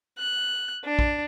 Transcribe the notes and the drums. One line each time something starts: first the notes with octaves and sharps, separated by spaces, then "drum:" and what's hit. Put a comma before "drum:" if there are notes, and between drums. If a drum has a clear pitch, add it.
F#6
D4
drum: kick A#1